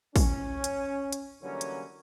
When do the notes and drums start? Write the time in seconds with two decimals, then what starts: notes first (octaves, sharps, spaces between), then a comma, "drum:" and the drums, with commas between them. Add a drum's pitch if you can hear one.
0.16 C#4, drum: kick, open hi-hat
0.64 drum: hi-hat
1.13 drum: hi-hat
1.42 D3 E3 F#3 G3 A#3 C#4
1.61 drum: hi-hat